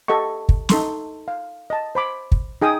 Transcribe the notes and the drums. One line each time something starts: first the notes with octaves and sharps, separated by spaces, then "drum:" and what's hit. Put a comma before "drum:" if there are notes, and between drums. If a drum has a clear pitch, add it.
G4 A4 D#5 F#5 C#6
drum: kick
D#4 A4 C6 C#6, drum: snare
F5
D#5 A5
C5 B5 D6
drum: kick
D#4 G#4 G5 D#6